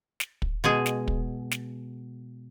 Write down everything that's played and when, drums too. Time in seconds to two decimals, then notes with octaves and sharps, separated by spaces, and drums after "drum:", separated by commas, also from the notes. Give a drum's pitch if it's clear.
0.20 drum: snare
0.42 drum: kick
0.64 B2 G#3 G#4
0.86 drum: snare
1.08 drum: kick
1.51 drum: snare